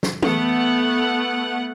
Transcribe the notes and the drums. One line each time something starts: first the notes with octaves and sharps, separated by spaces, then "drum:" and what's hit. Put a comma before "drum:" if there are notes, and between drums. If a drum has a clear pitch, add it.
drum: snare
A3 B3 F#5, drum: tom E3